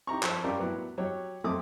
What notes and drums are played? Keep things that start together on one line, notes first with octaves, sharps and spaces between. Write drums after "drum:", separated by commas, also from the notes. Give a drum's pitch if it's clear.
D#4 G4 A#5 C#6
F3, drum: clap
G3 C#4 F4 G4 A#4 D5
A2 F#3 B3
F#3 G4 C#5
F#2 A#2 A3 C4 D6 D#6